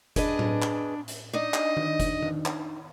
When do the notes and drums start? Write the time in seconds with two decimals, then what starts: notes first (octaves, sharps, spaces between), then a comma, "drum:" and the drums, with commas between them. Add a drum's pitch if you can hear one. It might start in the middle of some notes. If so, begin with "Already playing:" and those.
0.16 D4 G#4 B4 D#5, drum: kick F#1, hi-hat
0.39 drum: tom A2
0.62 drum: clap
1.08 drum: hi-hat
1.33 D4 D#4 D#5
1.54 drum: clap
1.77 drum: tom D#3
2.00 drum: kick F#1, hi-hat
2.23 drum: tom D#3
2.45 drum: clap